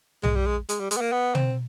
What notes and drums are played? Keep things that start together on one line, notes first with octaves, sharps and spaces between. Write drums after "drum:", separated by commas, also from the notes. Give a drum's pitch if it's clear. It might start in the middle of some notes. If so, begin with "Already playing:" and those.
G#3, drum: tom B1
G3
G#3
G#3, drum: hi-hat
G3
G#3, drum: hi-hat
B3
A#3
B3
C4, drum: tom